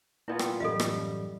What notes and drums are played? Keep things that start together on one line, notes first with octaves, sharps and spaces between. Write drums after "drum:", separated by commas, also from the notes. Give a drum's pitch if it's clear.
A#2 B3 E4 F4 D5
G5, drum: rim click
A1 F#2 G3 A4 D#5 F5
drum: rim click